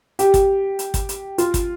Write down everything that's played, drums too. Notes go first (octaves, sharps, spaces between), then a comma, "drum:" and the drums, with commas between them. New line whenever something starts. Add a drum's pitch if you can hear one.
G4, drum: hi-hat
drum: kick, hi-hat
drum: hi-hat
drum: kick, hi-hat
drum: hi-hat
F4, drum: hi-hat
drum: kick, hi-hat